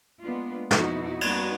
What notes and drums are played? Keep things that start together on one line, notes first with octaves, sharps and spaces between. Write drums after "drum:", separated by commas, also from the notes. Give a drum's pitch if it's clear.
G#3 A#3 B3 D4 F4
F2 B2 B3 D#4 E4 F#4, drum: snare
G3 A#3 B3 C#4 D#4 F#4, drum: cymbal